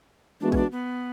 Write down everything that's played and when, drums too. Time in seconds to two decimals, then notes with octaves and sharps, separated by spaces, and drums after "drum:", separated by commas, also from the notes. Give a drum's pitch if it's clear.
0.41 E3 G#3 B3 D4 F#4
0.52 C#4, drum: kick A#1
0.56 D4
0.72 B3